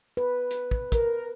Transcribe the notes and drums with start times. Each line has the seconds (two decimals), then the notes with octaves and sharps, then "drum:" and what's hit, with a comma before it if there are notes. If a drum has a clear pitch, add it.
0.17 B4
0.51 drum: hi-hat
0.71 drum: kick
0.92 A#4, drum: kick, hi-hat